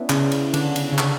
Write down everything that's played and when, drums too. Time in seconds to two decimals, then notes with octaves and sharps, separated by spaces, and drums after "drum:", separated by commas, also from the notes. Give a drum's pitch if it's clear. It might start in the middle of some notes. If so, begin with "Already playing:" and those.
Already playing: B3 C#4 D4 E4
0.10 C#3, drum: clap
0.32 drum: cymbal
0.54 D3, drum: cymbal
0.76 drum: cymbal
0.93 C#3
0.98 D3, drum: clap